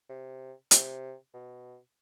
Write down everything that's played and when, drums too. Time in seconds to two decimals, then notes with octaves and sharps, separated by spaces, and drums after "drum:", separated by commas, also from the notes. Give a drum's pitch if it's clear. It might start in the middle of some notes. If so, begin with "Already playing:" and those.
0.09 C3
0.71 C3, drum: hi-hat
1.34 B2